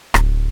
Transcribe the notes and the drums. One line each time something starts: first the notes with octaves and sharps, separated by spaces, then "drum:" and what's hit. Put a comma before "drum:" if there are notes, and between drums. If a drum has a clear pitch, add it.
D1, drum: rim click